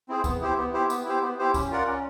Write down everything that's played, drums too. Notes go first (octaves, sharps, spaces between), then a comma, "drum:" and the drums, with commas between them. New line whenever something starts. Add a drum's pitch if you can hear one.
C4 E4 G#4 C5
B3, drum: kick C#2, tambourine
E4 G4 C5
B3
E4 G4 C5
B3, drum: tambourine
E4 G4 C5
B3
E4 G4 C5
C#4, drum: kick C#2, tambourine
F4 A#4 D5 F#5
C#4